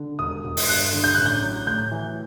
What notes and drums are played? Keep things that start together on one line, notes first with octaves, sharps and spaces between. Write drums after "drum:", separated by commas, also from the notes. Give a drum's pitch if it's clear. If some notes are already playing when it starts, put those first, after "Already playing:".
Already playing: D3
E1 D#6
E1
drum: open hi-hat
G2 F#6
D3
G6
A1 F#6
G6
F#3
A2 G6
E3